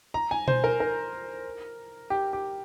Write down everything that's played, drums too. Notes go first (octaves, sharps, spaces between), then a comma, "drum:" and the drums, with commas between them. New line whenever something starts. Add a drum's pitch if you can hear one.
A#5
G#5
C5, drum: tom B2
A#4
A#4
G4
G4